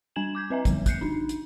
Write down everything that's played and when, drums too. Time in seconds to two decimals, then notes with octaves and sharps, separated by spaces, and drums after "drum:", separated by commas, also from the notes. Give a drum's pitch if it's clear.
0.16 G3 D4 G#5 G#6 E7 F#7
0.35 D6 G6 G#6
0.50 C4 B4 D#5 E5 G#5 A#5
0.65 D3 F3 G3 B3, drum: kick, hi-hat
0.86 F#6 G6 C7 C#7, drum: kick, hi-hat
1.01 D4 D#4
1.29 drum: hi-hat